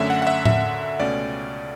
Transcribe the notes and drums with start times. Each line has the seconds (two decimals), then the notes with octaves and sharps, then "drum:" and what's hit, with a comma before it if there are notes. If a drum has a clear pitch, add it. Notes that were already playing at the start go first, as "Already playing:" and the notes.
Already playing: F#2 D3 A3 C#4 E5
0.10 F#5
0.22 F#5
0.27 E5
0.45 E5, drum: tom A2
0.99 C#2 B2 A3 C#4 D5